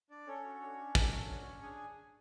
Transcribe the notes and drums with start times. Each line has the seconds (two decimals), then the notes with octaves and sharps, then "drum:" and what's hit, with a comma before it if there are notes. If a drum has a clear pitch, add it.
0.10 D4 D5
0.27 C#4 A4 C#5
0.44 F#4
0.62 D4
0.77 D4
0.95 A4, drum: kick
1.12 F#4
1.29 D4
1.45 D4
1.62 D4 G#4 G#5